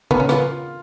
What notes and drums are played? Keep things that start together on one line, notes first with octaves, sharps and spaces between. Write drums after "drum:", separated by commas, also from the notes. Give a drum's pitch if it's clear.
B3 A#4, drum: tom C#3
C#4
B3 F4, drum: rim click